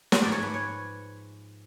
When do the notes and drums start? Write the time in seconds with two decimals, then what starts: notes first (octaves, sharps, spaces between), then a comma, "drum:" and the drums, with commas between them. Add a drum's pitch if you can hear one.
0.12 drum: snare
0.21 G#2 F3 D5
0.32 C#5
0.42 B4
0.54 C#5